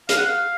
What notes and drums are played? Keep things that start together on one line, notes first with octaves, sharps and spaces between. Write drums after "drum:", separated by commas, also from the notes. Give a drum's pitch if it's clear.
F5, drum: hi-hat
F#5
F5